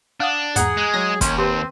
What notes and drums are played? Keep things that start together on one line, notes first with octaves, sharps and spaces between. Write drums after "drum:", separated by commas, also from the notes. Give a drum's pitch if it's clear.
D4 F5 F#5 D#6
E2 G#2 G#4 F#5 A#5, drum: hi-hat
G#3
F#3 A#6
D#2 C#4 C6, drum: kick, hi-hat
C4 G4 B4 C6